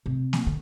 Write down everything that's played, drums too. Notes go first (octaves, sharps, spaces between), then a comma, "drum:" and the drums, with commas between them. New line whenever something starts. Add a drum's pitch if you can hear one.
C3
drum: snare A#3
D3